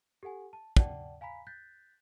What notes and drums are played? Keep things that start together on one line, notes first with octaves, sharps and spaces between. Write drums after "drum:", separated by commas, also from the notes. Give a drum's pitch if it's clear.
G4 A4 F#5 G#5
A5
D5 F#5 G5 A5, drum: kick
F5 G#5 A#5 B5 B6
F#6 G6 A6 B6